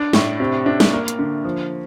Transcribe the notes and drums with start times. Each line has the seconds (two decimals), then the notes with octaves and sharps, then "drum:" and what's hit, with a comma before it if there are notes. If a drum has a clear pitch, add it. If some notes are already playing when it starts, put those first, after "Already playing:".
Already playing: D4
0.13 A2, drum: snare
0.40 C3
0.66 D4
0.80 drum: snare
0.93 A#3
1.08 drum: hi-hat
1.19 D3
1.44 F3